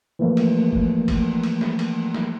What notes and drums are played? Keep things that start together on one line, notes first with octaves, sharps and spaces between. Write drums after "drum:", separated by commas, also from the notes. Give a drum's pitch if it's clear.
E3 F3 A3 A#3
drum: cymbal
drum: kick F#1
drum: kick F#1, cymbal
drum: cymbal
drum: snare
drum: cymbal
drum: snare